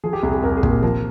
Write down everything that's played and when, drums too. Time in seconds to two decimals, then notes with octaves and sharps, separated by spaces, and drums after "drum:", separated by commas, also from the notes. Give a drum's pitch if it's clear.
0.04 F3 G#4
0.13 G4
0.23 C2 G#4
0.33 G#4
0.43 C2 A#4
0.57 G#4
0.63 A#2, drum: kick
0.70 A#4
0.83 F3 A#4